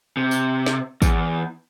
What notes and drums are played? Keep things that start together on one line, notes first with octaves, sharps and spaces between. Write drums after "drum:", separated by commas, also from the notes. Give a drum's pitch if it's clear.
C3
drum: tambourine
drum: snare
E2, drum: kick, tambourine